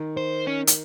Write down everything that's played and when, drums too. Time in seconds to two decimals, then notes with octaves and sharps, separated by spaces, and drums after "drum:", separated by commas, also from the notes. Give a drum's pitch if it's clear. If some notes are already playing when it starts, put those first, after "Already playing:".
Already playing: D#3
0.17 C5
0.47 C#4
0.67 drum: hi-hat